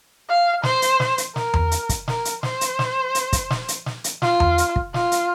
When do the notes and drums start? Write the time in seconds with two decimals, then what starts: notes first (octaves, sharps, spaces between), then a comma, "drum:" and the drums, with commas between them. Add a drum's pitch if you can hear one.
0.29 F5
0.63 C5, drum: snare
0.82 drum: hi-hat
1.00 drum: snare
1.18 drum: hi-hat
1.36 A#4, drum: snare
1.54 drum: tom E2
1.71 drum: hi-hat
1.89 drum: kick, hi-hat
2.08 A#4, drum: snare
2.25 drum: hi-hat
2.43 C5, drum: snare
2.61 drum: hi-hat
2.79 drum: snare
3.15 drum: hi-hat
3.33 drum: kick, hi-hat
3.50 drum: snare
3.68 drum: hi-hat
3.86 drum: snare
4.04 drum: hi-hat
4.22 F4, drum: snare
4.40 drum: tom E2
4.58 drum: hi-hat
4.76 drum: kick
4.94 F4, drum: snare
5.12 drum: hi-hat